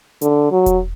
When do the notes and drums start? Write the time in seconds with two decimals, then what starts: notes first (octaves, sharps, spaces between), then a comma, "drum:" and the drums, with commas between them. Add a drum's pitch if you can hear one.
0.21 D3, drum: hi-hat
0.52 F#3
0.66 drum: kick E1, hi-hat